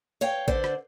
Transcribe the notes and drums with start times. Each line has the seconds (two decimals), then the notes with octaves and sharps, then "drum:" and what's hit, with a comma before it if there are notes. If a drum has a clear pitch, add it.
0.21 C#5 F5 G5
0.48 D3 C5 D5 F#5, drum: kick A1
0.64 drum: rim click